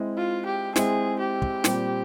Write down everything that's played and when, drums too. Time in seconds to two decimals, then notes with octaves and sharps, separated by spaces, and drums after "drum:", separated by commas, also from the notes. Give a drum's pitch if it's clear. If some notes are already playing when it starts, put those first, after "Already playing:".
Already playing: G#3 C4 E4
0.17 F4
0.46 G4
0.76 G#3 C4 E4 G#4, drum: snare
1.20 G4
1.42 drum: kick
1.64 A#2 G3 C4, drum: snare